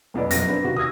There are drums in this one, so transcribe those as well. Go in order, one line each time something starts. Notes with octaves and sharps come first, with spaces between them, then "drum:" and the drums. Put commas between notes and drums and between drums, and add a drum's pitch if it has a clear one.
B1 F2 B3 D5
F#2 B2 F#3 A#6, drum: hi-hat
B3 C4 D4
C3 D#3 F#4
D#6 E6 G#6 A#6